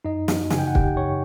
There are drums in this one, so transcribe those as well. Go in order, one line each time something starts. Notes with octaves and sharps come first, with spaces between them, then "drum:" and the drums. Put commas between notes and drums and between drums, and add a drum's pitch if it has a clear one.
F#2 D#4 D#5
drum: snare
C#3 E3 G#5, drum: snare
G5
F#5
G4 G5, drum: kick
F#2 C#5 C#6